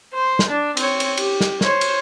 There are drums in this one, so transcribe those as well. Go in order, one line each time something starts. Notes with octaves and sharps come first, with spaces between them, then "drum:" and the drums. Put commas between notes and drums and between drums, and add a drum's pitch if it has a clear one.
C5
drum: snare
D4
C4 C#5, drum: cymbal
drum: cymbal
G4, drum: cymbal
drum: snare
C5 C#5, drum: snare
drum: cymbal